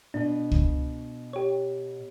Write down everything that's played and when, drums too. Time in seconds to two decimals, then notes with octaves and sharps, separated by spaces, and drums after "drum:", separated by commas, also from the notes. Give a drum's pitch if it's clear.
0.14 B2 D4
0.51 drum: kick
1.33 G4 C#5